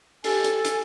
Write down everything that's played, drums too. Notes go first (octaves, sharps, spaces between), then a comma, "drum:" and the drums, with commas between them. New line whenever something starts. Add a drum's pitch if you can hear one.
G4 A4 G#5, drum: open hi-hat
drum: hi-hat
drum: hi-hat